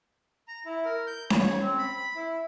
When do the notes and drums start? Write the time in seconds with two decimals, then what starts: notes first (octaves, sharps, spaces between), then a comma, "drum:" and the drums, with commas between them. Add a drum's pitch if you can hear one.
0.48 A#5
0.65 E4
0.85 A#4
1.07 G6
1.30 C#5, drum: snare C#4
1.61 C4
1.78 B5
1.97 B5
2.15 E4